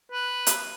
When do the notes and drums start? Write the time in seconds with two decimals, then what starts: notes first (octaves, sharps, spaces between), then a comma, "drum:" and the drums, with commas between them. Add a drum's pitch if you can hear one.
0.12 B4
0.47 drum: hi-hat